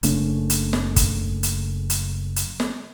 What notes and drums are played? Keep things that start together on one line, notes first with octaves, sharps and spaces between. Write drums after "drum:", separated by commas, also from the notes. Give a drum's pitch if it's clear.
F#1 C#3 A3 D4, drum: hi-hat
drum: hi-hat
drum: snare
drum: kick, hi-hat
drum: hi-hat
drum: hi-hat
drum: hi-hat
drum: snare